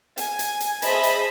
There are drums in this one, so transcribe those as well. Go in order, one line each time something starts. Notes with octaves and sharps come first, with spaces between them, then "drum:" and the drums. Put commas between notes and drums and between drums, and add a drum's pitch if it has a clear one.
G#5, drum: hi-hat
drum: hi-hat
drum: hi-hat
G#4 C5 D#5 E5 A5 B5, drum: hi-hat
drum: hi-hat